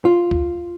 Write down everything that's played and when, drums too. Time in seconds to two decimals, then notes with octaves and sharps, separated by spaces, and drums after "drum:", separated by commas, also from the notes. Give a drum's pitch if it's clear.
0.05 F4
0.31 drum: kick C#2